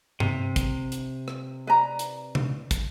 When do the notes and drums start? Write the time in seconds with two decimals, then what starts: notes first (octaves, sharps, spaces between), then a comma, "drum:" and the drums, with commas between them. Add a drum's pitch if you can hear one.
0.20 C3, drum: tom G2
0.56 drum: kick, hi-hat
0.92 drum: hi-hat
1.28 drum: rim click
1.67 B4 D5 A#5
1.99 drum: hi-hat
2.35 drum: tom C3
2.71 drum: kick, hi-hat